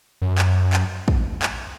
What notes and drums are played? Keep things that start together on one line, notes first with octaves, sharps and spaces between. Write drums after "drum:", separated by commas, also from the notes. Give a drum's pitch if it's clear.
F#2
drum: clap
drum: clap
drum: kick
drum: clap